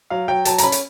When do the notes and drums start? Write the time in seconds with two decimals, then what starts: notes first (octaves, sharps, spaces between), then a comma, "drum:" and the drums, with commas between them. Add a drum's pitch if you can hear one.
0.10 F#3 F5
0.28 F#3 G5
0.45 F#3 A5, drum: hi-hat
0.58 A#5, drum: hi-hat
0.63 C#4 B5
0.72 drum: hi-hat